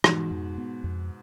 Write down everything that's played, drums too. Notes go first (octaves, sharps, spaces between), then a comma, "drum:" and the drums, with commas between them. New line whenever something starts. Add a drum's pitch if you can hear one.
G#2 B2 E3, drum: rim click
F2
B3
F2